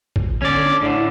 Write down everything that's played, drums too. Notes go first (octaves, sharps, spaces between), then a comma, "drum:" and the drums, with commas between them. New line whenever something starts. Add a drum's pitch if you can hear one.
drum: kick A1
D3 C#4 D5
D4
A2 D3
E4